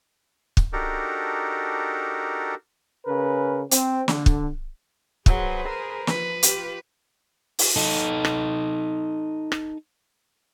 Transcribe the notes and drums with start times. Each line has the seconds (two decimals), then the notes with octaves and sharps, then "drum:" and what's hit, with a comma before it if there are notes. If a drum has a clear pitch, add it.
0.57 drum: kick
0.73 D4 D#4 F#4 G4 A4 A#4
3.06 C#3 C#4 A#4 B4
3.71 C4, drum: hi-hat
4.08 D3, drum: snare
4.26 drum: kick
5.26 F#3 G#4 B4 C5, drum: kick
5.67 A#4
6.07 F3 B4, drum: snare
6.43 F4 G4, drum: hi-hat
7.59 drum: open hi-hat
7.76 D#4 A4
8.25 drum: rim click
9.52 drum: rim click